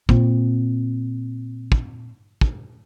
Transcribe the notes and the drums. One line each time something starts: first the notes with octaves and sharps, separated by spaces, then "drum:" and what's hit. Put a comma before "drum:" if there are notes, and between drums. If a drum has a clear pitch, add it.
A#2 C4, drum: kick
drum: kick
drum: kick